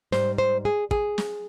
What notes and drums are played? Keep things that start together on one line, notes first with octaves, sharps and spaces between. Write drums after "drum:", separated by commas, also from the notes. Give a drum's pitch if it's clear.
G#2 G3 C5, drum: snare
C5
G#4
G#4, drum: kick
drum: snare